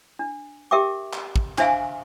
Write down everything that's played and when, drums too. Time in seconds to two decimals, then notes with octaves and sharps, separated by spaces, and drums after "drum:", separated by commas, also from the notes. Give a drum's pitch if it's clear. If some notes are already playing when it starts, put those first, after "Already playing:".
0.19 D4
0.71 G4 A#4 E5 G5 D6
1.13 drum: clap
1.36 drum: kick
1.58 D4 C5 E5 F5 G#5, drum: clap